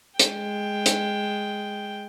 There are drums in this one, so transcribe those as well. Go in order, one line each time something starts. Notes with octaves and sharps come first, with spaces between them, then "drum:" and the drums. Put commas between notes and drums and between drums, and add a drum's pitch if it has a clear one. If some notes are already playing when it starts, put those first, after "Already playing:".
G#3 G5, drum: hi-hat
drum: hi-hat